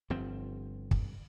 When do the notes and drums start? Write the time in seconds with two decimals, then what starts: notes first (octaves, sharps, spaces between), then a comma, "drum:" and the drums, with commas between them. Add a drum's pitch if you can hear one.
0.10 G1 G2 F3 C4
0.91 drum: kick